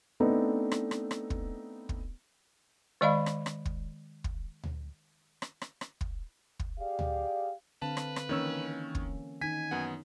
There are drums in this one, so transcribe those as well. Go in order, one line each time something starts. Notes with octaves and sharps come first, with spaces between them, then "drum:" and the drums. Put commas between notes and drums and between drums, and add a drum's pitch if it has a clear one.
A3 B3 C4 D4 D#4
drum: rim click
drum: rim click
drum: rim click
drum: kick
drum: kick
D#3 G#3 D5 D#5 F5 B5
drum: rim click
drum: rim click
drum: kick
drum: kick
drum: tom D2
drum: rim click
drum: rim click
drum: rim click
drum: kick
drum: kick
G4 G#4 D5 F5
drum: tom D2
D3 C4 B4 F5 A5
drum: rim click
drum: rim click
D#3 E3 A#3 C#4 C#5 E6
drum: kick
D#3 D#4 G#5 B6
F#2 B3 F#5